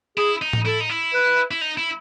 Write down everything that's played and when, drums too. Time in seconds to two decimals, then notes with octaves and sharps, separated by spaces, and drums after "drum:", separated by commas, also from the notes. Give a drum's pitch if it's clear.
0.17 E4 G#4
0.42 D#4
0.53 drum: tom A2
0.65 E4 A4
0.80 D#4
0.89 E4
1.14 B4
1.51 E4
1.61 D#4
1.77 E4